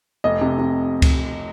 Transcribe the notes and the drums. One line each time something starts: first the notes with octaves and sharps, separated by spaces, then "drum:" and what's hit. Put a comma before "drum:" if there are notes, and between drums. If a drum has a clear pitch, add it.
F1 D#5
C3
C3
drum: kick C#2, cymbal